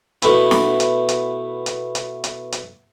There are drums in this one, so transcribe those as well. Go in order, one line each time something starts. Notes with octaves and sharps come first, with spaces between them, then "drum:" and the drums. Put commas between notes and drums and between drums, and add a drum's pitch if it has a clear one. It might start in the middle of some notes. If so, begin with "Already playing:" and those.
B2 A3 B3 E4, drum: hi-hat
drum: snare
drum: hi-hat
drum: hi-hat
drum: hi-hat
drum: hi-hat
drum: hi-hat
drum: hi-hat